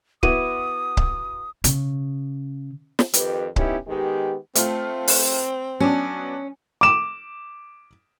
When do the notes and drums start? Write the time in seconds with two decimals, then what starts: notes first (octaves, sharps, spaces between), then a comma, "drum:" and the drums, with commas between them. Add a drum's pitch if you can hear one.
0.23 B3 E4 F#4 D6 D#6 D#7, drum: kick C#1
0.97 drum: kick C#1
1.64 C#3, drum: hi-hat
2.99 drum: snare
3.13 F2 D#3 G4 B4, drum: hi-hat
3.56 B3 C#4 D#4 E4 G4, drum: kick C#1
3.87 D#3 G#3 B3 G4
4.55 A3 C4 F4, drum: hi-hat
5.08 drum: open hi-hat
5.80 F#3 B3 C#4 D4
6.81 D6 E7